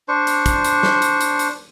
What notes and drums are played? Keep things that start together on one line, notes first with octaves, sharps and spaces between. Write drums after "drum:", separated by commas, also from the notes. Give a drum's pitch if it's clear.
D4 C5 C#6
drum: hi-hat
drum: kick, hi-hat
drum: hi-hat
drum: snare
drum: hi-hat
drum: hi-hat
drum: hi-hat